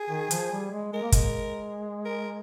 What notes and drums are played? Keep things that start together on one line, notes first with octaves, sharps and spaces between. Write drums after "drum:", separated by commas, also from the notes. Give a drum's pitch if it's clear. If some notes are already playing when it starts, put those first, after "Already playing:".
Already playing: G#4
D#3
F3, drum: hi-hat
G3
G#3
G#3 A#4
A#3
G#3, drum: kick, hi-hat
A#4